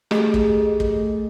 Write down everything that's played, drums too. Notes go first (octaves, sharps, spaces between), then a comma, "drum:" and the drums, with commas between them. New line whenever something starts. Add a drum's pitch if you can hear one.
A3 G4 G#4 D#5, drum: rim click
drum: kick
drum: kick